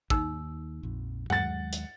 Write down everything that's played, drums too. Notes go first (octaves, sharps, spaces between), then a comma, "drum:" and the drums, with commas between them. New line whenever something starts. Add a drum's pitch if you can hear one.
D#2 D#4 E6, drum: kick
A#1 F2
D#2 F#3 G#3 F#5 A6, drum: tom G2
drum: hi-hat